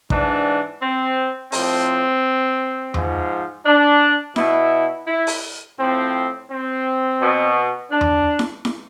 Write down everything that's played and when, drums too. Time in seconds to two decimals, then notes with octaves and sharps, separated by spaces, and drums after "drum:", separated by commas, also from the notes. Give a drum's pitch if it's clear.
0.10 G#2 E3 D4, drum: kick
0.81 C4
1.52 A2 F3 C4, drum: open hi-hat
2.94 G#2 F3, drum: tom E2
3.65 D4
4.36 B2 E4, drum: snare E4
5.07 E4
5.27 drum: open hi-hat
5.79 A2 F3 C4
6.50 C4
7.21 B2
7.91 D4
8.01 drum: tom E2
8.39 drum: snare E4
8.65 drum: snare E4